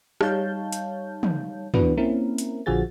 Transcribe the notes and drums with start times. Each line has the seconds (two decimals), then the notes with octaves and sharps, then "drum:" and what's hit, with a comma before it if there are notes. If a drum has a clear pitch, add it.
0.21 G3 D#4 C#5 F5 A5 G6, drum: rim click
0.72 drum: hi-hat
1.23 drum: tom
1.74 E3 B3 D4 F#4 B4, drum: tom
1.97 A#3 C4 C#4 E4 A#4
2.38 drum: hi-hat
2.66 A#1 D3 F3 F#4 G#4 A6